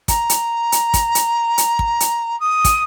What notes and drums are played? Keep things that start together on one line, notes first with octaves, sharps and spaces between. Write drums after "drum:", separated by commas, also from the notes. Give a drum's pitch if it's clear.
A#5, drum: kick, hi-hat
drum: hi-hat
drum: hi-hat
drum: kick, hi-hat
drum: hi-hat
drum: hi-hat
drum: kick
drum: hi-hat
D#6
drum: kick, hi-hat